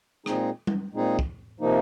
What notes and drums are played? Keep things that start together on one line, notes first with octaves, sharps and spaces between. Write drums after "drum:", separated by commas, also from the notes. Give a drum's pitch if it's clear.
A#2 G#3 C4 D#4 G#4, drum: rim click
drum: tom G3
A#2 G#3 C4 D#4 G#4
drum: kick
C3 F3 A#3 D#4